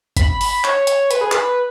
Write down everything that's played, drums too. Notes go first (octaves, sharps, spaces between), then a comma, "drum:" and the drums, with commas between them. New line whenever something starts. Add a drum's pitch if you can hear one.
B5, drum: kick G1, hi-hat
B5, drum: open hi-hat
C#5, drum: clap
drum: hi-hat
B4, drum: hi-hat
G#4
B4, drum: clap